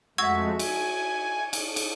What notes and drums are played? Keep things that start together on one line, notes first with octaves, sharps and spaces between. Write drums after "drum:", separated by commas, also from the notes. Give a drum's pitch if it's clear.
F2 G#3 A3 F#4 E5 C#6 E6 G#6
G#5, drum: cymbal
drum: cymbal
drum: cymbal